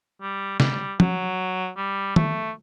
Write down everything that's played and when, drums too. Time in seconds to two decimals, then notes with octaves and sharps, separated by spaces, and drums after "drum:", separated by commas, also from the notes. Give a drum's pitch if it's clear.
0.22 G3
0.60 G3, drum: snare
1.00 F#3, drum: tom
1.77 G3
2.16 A3, drum: tom